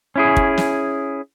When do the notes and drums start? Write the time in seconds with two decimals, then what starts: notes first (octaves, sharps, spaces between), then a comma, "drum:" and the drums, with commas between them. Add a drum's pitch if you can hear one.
0.16 C#4 E4 G#4
0.37 drum: kick
0.58 drum: snare